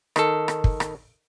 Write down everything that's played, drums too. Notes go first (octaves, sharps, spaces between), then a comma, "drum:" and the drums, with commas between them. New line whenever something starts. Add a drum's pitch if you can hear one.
D#3 A4, drum: rim click
drum: rim click
drum: kick
drum: rim click